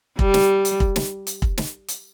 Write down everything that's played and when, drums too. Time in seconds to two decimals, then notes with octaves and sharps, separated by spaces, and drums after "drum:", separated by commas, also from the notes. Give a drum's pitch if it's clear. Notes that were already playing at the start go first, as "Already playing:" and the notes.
0.19 G3, drum: kick
0.34 drum: snare
0.65 drum: hi-hat
0.80 drum: kick
0.96 drum: snare
1.27 drum: hi-hat
1.42 drum: kick
1.58 drum: snare
1.88 drum: hi-hat